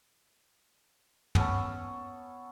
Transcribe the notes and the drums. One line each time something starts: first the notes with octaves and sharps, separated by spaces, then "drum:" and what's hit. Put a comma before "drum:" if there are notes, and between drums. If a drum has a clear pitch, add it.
B3 C#4 A4, drum: tom